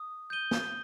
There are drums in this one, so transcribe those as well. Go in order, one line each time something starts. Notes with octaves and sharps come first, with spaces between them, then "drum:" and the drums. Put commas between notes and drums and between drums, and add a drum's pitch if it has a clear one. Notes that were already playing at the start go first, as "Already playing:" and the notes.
Already playing: D#6
G6 D#7 G7
drum: snare